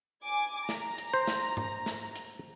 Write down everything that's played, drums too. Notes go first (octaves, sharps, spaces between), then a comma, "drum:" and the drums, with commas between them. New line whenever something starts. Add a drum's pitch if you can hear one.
G#5 D6
A#5, drum: snare
drum: hi-hat
C5
drum: snare
drum: tom G#2
drum: snare
drum: hi-hat